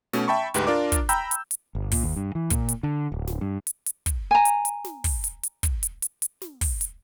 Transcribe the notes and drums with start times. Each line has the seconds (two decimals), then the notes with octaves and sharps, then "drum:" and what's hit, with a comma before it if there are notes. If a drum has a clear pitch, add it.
0.13 B2 A3 C#4, drum: snare
0.28 E5 G5 A5 B5 C#6
0.54 D2 G#2 G4 B4, drum: hi-hat
0.67 D4 F4 A#4 D5 D6
0.92 drum: kick, hi-hat
1.09 G5 A#5 B5 E6 G6, drum: hi-hat
1.31 drum: hi-hat
1.51 drum: hi-hat
1.75 G1
1.92 A#2, drum: kick, open hi-hat
2.03 D#2
2.17 G2
2.35 E3
2.50 A#2, drum: kick, hi-hat
2.69 drum: hi-hat
2.83 D3
3.12 D1
3.27 drum: snare
3.41 G2
3.67 drum: hi-hat
3.86 drum: hi-hat
4.06 drum: kick, hi-hat
4.31 G#5 A#5
4.45 drum: hi-hat
4.65 drum: hi-hat
4.84 drum: snare
5.04 drum: kick, open hi-hat
5.24 drum: hi-hat
5.43 drum: hi-hat
5.63 drum: kick, hi-hat
5.83 drum: hi-hat
6.02 drum: hi-hat
6.22 drum: hi-hat
6.42 drum: snare
6.61 drum: kick, open hi-hat
6.81 drum: hi-hat